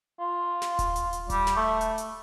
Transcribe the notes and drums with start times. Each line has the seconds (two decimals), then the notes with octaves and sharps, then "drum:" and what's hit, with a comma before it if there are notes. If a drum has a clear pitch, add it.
0.20 F4
0.62 drum: snare
0.79 drum: kick D#1, hi-hat
0.96 drum: hi-hat
1.13 drum: hi-hat
1.30 G3, drum: kick D#1, hi-hat
1.47 drum: snare
1.56 A3
1.81 drum: hi-hat
1.98 drum: hi-hat